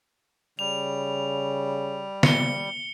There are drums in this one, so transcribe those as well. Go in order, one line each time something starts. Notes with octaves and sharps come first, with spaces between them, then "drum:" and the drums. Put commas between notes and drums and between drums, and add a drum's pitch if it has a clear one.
C#3 G3 F7
C#7 G7, drum: snare